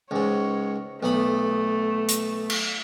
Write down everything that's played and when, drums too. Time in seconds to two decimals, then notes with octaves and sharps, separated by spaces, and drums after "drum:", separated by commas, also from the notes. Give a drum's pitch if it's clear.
0.11 C#2 G#2 C#5
1.03 B1 A3 B3 B5
2.09 drum: hi-hat
2.50 drum: cymbal